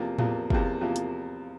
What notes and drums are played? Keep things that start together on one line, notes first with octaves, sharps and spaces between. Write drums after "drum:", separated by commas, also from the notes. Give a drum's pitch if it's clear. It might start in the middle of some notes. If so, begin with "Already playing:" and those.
Already playing: E2 C3 F3 A#3 F4
E2 C3 F3 A#3 F4, drum: tom A2
E2 C3 F3 A#3 F4, drum: kick
E2 C3 F3 A#3 F4
drum: hi-hat